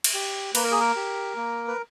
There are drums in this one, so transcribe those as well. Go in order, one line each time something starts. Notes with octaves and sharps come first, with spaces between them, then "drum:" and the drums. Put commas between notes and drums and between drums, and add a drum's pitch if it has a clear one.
drum: cymbal
G4
A#3 B4, drum: cymbal
A#4
G#4
A#4
G4
A#3
B4